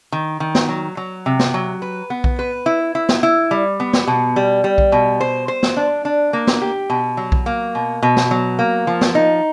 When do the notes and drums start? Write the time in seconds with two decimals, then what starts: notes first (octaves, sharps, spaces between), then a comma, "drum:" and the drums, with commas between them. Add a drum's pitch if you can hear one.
0.12 D#3
0.40 D#3
0.55 drum: snare
0.69 F#3
0.97 F#3
1.26 C3
1.39 drum: snare
1.54 F#3
1.82 B4
2.10 B3
2.24 drum: kick B1
2.39 B4
2.66 E4
2.95 E4
3.09 drum: snare
3.23 E4
3.51 G3
3.80 B3
3.93 drum: snare
4.07 B2
4.36 G3
4.64 G3
4.78 drum: kick B1
4.92 B2
5.21 C5
5.48 C5
5.63 drum: snare
5.77 D4
6.05 D4
6.33 A#3
6.47 drum: snare
6.62 G4
6.90 B2
7.17 F#3
7.32 drum: kick B1
7.46 A#3
7.75 B2
8.03 B2
8.17 drum: snare
8.31 F#3
8.59 A#3
8.87 F3
9.01 drum: snare
9.15 D#4